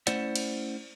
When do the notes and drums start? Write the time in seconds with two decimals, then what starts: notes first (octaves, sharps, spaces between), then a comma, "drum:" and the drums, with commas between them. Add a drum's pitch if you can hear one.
0.07 A3 C#4 E4 C5 D5 F#5, drum: hi-hat
0.36 drum: cymbal